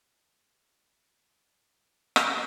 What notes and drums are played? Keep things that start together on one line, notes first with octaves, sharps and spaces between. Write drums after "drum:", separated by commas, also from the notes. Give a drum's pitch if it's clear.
D4
C#3 D#5
B1 F2 D#4 C6
D1 D3 D#3 F3 F#4 C7
drum: rim click